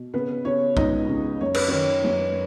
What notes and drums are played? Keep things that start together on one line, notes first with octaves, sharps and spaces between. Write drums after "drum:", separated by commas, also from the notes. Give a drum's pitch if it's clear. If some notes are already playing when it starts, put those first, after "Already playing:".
Already playing: B2
C#3 B3 B4
C#3 C#4 C#5
C#2 D#4 D#5, drum: kick A#1
C#3
F#2 C#5
B4, drum: cymbal
D#3 C#4 C#5
F#2 C#4